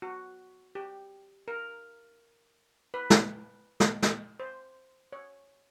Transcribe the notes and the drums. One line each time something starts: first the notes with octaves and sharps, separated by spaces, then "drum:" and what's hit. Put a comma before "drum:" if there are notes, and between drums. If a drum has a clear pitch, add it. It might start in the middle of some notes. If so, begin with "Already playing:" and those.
F#4
G4
A#4
B4
drum: snare
drum: snare
drum: snare
C5
C#5